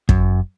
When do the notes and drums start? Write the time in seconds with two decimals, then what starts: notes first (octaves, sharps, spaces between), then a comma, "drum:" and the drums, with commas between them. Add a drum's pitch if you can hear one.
0.09 F#2, drum: kick